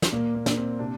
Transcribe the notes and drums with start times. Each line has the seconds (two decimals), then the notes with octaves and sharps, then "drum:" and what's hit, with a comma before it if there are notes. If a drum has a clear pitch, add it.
0.02 drum: snare
0.12 A#2 A#3
0.35 A#3
0.46 A#2, drum: snare
0.57 C4
0.79 C3 D4